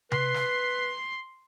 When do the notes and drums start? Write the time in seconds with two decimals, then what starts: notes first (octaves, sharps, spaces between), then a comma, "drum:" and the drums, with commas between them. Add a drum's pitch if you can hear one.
0.12 B4 C6 C7, drum: tom C3
0.34 drum: snare